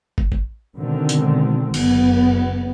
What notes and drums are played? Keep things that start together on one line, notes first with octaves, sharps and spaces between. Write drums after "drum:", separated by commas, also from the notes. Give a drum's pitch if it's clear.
drum: kick
drum: kick
B2 D3 D#3 G#3 C4
drum: hi-hat
F#1 B3, drum: cymbal